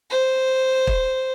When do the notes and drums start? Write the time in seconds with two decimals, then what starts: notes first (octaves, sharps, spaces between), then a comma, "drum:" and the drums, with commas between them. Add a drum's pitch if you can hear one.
0.11 C5
0.87 drum: kick